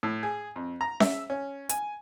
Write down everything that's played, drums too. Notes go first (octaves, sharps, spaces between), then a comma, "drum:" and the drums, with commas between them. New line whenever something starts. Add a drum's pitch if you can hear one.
A2
G#4
F2
A#5
E5, drum: snare C#4
C#4
G#5, drum: hi-hat